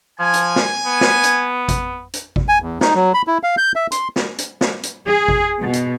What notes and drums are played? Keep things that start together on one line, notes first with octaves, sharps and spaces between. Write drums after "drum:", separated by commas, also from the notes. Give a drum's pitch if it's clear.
F3 G#5
drum: hi-hat
drum: snare
B3
drum: snare
drum: hi-hat
drum: kick G#1, hi-hat
drum: hi-hat
drum: kick G#1
G#5
E2
D#4, drum: snare
F#3
B5
E4
F5
G6
E5
C6, drum: hi-hat
drum: snare
drum: hi-hat
drum: snare
drum: hi-hat
G#4
drum: kick G#1
B2
drum: hi-hat